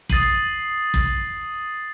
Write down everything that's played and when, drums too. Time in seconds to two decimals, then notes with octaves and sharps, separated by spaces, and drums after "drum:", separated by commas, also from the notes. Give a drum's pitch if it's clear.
0.09 D#6 A6 C7 D#7 F#7, drum: kick
0.94 drum: kick